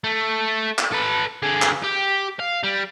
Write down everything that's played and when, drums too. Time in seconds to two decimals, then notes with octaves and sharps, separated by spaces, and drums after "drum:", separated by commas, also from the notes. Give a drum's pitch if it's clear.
0.04 A3
0.78 drum: clap
0.92 A4 B4
1.42 D3 G#4
1.62 drum: clap
1.84 G4
2.40 F5
2.64 G3